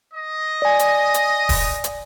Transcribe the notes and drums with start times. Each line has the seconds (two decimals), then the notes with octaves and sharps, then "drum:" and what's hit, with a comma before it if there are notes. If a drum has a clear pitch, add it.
0.11 D#5
0.62 D5 G#5
0.79 drum: hi-hat
1.14 drum: hi-hat
1.49 drum: kick D#1, open hi-hat
1.84 drum: hi-hat